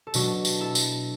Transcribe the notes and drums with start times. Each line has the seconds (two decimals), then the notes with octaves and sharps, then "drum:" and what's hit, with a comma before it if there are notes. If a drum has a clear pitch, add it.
0.07 A4
0.14 B2 F#3 D4 F#4, drum: tambourine
0.45 drum: tambourine
0.60 E4 A4
0.75 drum: tambourine